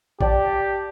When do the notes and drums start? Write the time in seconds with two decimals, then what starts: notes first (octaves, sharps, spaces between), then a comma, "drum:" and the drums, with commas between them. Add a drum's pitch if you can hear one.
0.21 G4 D5 G5 A5, drum: kick A1